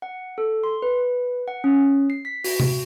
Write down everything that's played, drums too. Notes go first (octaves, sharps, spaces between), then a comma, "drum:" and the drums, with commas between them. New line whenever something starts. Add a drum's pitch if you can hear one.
F#5
A4
C6
B4
F#5
C#4
C7
B6
F#4, drum: open hi-hat
drum: tom C3